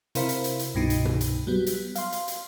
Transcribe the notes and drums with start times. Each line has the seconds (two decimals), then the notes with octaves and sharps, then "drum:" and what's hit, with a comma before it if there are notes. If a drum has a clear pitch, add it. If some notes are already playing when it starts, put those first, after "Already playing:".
0.15 C3 E4 A#4 C5 F5 B5, drum: hi-hat
0.29 drum: hi-hat
0.44 drum: hi-hat
0.59 drum: hi-hat
0.75 C2 G2 B2 D#4
0.90 drum: hi-hat
1.05 drum: tom B2
1.21 drum: hi-hat
1.47 F#3 G3 B3
1.67 drum: hi-hat
1.96 F5 C6, drum: hi-hat
2.12 drum: hi-hat
2.28 drum: hi-hat